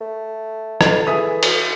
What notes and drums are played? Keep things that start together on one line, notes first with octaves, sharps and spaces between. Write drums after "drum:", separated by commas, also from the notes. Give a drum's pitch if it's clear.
A3
A4, drum: rim click
E3 G#4 E5 D#6
drum: cymbal